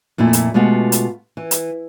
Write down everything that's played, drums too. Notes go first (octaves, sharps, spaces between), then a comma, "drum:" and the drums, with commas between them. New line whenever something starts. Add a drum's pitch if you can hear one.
F2 A#2 A3 E4
drum: hi-hat
B2 G#3 A3 F4 G4 F#5
drum: hi-hat
E3
drum: hi-hat